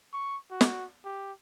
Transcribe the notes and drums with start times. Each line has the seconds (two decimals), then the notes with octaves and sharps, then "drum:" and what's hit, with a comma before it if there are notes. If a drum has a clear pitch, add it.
0.13 C#6
0.51 F#4
0.61 drum: snare
1.05 G4